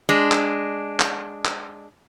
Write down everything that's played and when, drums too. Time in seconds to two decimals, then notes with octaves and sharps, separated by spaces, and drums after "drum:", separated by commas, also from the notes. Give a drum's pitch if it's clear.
0.09 G#3 D4
0.32 drum: clap
1.00 drum: clap
1.45 drum: clap